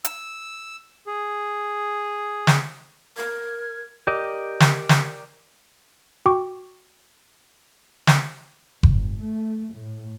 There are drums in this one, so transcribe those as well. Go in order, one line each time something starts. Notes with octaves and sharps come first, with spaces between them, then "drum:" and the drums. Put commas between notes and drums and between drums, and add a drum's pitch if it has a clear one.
E6, drum: hi-hat
G#4
drum: snare
A#4 G#6
G4 A#4 D5 D#5
drum: snare
drum: snare
F#4 G5 C#6 D6
drum: snare
G1, drum: kick F#1
A3
A2